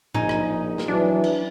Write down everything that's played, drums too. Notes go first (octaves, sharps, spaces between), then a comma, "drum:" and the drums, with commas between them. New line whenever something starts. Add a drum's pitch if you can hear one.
A#1 D#4 G#5, drum: tom A2
drum: rim click
drum: snare
E3 F#3 D4
drum: cymbal